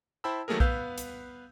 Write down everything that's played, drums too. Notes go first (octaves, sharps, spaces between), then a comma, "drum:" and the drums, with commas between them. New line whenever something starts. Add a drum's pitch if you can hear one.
E4 C5 G5 A5 B5 E6
D#3 F#3 A3 A#3 G#4 A#4
B3 B4 F5 E6 G6, drum: kick B1
drum: hi-hat